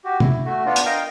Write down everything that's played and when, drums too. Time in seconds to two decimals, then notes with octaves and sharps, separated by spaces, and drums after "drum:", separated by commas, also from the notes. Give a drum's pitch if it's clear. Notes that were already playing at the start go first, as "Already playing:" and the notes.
0.04 F#4 G4
0.20 E4, drum: tom
0.45 A3 F#4
0.66 B3 D4 F4
0.76 drum: hi-hat
0.85 A#4 D#5 F5 G5